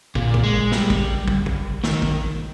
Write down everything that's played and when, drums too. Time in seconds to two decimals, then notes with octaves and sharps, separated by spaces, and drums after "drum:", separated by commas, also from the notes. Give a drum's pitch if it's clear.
0.15 A#2, drum: kick
0.34 drum: kick
0.44 G#3
0.72 G3, drum: snare
0.90 drum: kick
1.28 drum: kick
1.46 drum: kick
1.84 D#3, drum: snare
2.02 drum: kick